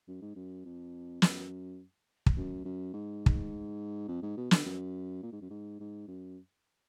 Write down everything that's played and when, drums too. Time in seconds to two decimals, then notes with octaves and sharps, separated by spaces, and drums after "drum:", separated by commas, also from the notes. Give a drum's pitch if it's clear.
0.08 F#2
0.21 G#2
0.35 F#2
0.65 F2
1.22 F#2, drum: snare
2.26 drum: kick
2.37 F#2
2.65 F#2
2.94 G#2
3.26 drum: kick
4.08 F2
4.22 G#2
4.37 B2
4.51 D3, drum: snare
4.66 F#2
5.22 A#2
5.32 G#2
5.41 F#2
5.50 G#2
5.80 G#2
6.08 F#2